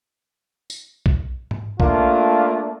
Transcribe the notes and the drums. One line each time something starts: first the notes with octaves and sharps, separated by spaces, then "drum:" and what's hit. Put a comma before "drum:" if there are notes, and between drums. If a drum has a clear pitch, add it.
drum: tambourine
drum: kick B1
drum: tom G#2
A3 A#3 D4 F4, drum: kick B1